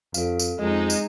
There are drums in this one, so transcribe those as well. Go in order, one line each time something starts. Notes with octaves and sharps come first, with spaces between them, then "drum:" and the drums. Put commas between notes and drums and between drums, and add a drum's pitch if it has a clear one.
F2 A4 F5, drum: tambourine
drum: tambourine
F2 G#3 D#4 D#5
drum: tambourine